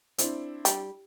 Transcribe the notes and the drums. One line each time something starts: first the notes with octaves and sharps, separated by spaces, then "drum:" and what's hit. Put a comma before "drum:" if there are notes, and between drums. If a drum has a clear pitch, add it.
C4 D4 E4, drum: hi-hat
G3, drum: hi-hat